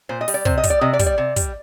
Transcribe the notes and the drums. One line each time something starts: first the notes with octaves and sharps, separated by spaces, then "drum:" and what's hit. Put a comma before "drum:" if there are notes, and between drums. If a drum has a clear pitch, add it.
A#2 C5
D#5
G3, drum: open hi-hat
D5
C3 C5, drum: kick
D#5
G3, drum: kick, hi-hat
D5
C3 D#5
D5
G3, drum: kick, hi-hat
D5
C3
G3, drum: kick, hi-hat